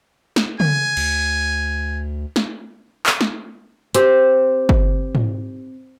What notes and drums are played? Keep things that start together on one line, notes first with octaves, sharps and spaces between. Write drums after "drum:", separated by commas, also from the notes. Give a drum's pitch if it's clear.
drum: snare
G#5, drum: tom C#3
D2, drum: cymbal
drum: snare
drum: clap
drum: snare
C4 G4, drum: hi-hat
drum: kick G1
drum: tom G#2